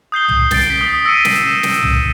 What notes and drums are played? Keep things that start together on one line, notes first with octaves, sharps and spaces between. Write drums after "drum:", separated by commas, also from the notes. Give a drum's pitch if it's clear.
D#6 G6 C7 G7
drum: tom
G6 A6 C7 D7, drum: snare
B6 G7
D#6
E6 A#6 B6 C#7 D#7
drum: snare
E7
drum: snare
drum: tom